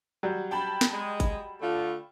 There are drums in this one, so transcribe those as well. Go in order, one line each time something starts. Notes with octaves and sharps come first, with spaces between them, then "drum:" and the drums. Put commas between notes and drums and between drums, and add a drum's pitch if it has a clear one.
F#3 G3
G5 A5 B5
drum: snare
G#3
drum: kick G#1, hi-hat
D3 A3 F4